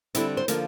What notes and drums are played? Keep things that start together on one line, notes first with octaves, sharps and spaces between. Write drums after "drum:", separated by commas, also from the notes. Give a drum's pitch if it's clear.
D3 G3 C4 E4, drum: hi-hat
C5
D3 F3 A#3 A#4, drum: hi-hat